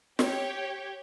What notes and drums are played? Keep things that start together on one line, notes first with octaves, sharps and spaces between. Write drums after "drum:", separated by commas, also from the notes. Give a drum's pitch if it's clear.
G4 C#5 G5, drum: snare